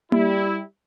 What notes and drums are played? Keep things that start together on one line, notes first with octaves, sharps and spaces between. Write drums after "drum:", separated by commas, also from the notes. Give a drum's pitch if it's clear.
G3 E4, drum: tom A#3